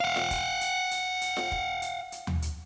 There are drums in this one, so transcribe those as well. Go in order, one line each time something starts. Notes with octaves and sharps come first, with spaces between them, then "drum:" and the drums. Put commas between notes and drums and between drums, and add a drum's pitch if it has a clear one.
F5 F#5
drum: snare F4
drum: kick, hi-hat
drum: hi-hat
drum: hi-hat
drum: hi-hat
drum: snare F4
drum: kick
drum: hi-hat
drum: hi-hat
drum: tom D#2
drum: hi-hat